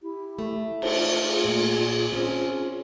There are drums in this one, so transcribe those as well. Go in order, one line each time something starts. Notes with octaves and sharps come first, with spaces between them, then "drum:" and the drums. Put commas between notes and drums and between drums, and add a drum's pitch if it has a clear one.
E4 G4
A3
F4 C5, drum: cymbal
G#4
A#2
C4 C#4